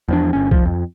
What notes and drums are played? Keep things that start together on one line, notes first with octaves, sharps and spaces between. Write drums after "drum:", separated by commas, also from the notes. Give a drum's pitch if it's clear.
E2 F3 D4
G1 C#4
F3, drum: kick C2
F2